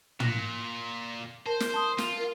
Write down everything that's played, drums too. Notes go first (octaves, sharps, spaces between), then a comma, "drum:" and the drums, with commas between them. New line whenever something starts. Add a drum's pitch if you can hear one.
A#2 F#6 A#6, drum: tom
A#4 C5 A5
drum: snare
A5 C6 D#6
F4, drum: snare
A#4